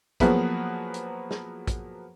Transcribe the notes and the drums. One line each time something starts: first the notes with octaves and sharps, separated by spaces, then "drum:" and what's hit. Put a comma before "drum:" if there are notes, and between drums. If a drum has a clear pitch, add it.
F3 F#3 A#3 B3 G#4 B4, drum: kick, hi-hat
drum: hi-hat
drum: snare
drum: kick, hi-hat